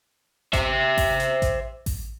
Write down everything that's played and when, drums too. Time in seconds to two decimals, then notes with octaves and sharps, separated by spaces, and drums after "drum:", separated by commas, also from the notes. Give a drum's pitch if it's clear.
0.53 C5 E5, drum: kick A1, hi-hat
0.98 drum: kick A1, open hi-hat
1.20 drum: hi-hat
1.42 drum: kick A1, hi-hat
1.86 drum: kick A1, open hi-hat